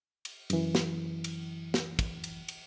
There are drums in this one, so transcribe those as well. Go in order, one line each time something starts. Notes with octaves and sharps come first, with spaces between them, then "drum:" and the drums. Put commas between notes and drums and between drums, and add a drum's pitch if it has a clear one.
drum: cymbal
F#2 E3, drum: cymbal
drum: snare
drum: cymbal
drum: snare
drum: kick, cymbal
drum: cymbal
drum: cymbal